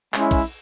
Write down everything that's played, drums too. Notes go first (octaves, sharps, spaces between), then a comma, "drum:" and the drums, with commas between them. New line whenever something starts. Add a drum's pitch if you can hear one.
G#3 C#4 E4, drum: clap
drum: kick, cymbal